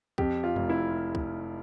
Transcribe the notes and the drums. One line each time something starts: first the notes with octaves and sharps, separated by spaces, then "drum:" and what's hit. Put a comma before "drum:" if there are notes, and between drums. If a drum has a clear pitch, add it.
F2 G4, drum: kick
F4
F1, drum: tom F2
E4
drum: kick